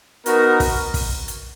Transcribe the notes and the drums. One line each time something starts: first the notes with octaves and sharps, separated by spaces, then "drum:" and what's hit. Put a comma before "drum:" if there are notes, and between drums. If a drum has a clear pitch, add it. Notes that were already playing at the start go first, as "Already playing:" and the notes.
B3 D#4 F#4 A#4, drum: hi-hat
drum: kick, open hi-hat
drum: kick, open hi-hat
drum: hi-hat